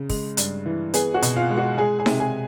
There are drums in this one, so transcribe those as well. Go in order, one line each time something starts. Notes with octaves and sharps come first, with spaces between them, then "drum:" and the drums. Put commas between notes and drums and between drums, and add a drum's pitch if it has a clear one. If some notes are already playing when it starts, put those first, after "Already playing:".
Already playing: C#3
G#3, drum: kick, open hi-hat
G2, drum: hi-hat
E3
B3 G#4 G#5, drum: hi-hat
F#4 F#5
B2, drum: hi-hat
F4 F5
G#3
F#4 F#5
G#3 G#4 G#5
G#4 G#5
C3, drum: snare D#4
G#4 G#5